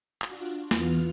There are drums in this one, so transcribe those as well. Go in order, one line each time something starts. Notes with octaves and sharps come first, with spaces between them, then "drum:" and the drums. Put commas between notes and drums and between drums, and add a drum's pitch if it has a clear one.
D4 F4 F#4, drum: clap
E2 E3 B3 F4 F6, drum: snare